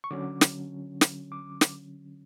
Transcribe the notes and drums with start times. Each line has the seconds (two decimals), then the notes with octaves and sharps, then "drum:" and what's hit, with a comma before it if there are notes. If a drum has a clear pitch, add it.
0.04 C#6
0.11 D3 F#3 C#4 D6
0.41 drum: snare
1.01 drum: snare
1.32 D6
1.61 drum: snare